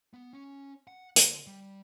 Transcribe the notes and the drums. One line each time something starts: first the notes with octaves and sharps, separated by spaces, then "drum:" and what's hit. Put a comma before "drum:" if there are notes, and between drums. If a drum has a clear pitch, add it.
B3
C#4
F#5
D3, drum: hi-hat
G3